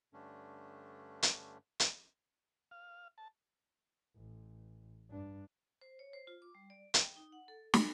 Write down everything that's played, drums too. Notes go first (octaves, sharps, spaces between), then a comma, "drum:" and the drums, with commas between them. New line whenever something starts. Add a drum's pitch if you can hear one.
G2 D3 A3 C#4 D4
drum: hi-hat
drum: hi-hat
F5
A5
A1
G2 D4
C5
C#5
C5
F4
D6
G3
D5
G5, drum: hi-hat
D#4
F#5
A4
B5, drum: snare